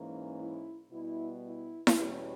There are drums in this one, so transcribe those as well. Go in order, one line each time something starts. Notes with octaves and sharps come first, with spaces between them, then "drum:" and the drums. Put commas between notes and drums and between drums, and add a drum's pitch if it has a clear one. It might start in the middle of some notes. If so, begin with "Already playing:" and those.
Already playing: G#2 E3 A#3 C#4
E4
B2 G3 B3 E4
E4
drum: snare E4
E2 B2 G3 C#4 G4